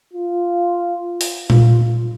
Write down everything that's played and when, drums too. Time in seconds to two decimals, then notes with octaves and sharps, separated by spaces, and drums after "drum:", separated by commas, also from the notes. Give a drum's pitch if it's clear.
0.13 F4
1.21 drum: open hi-hat
1.50 F4, drum: tom A#2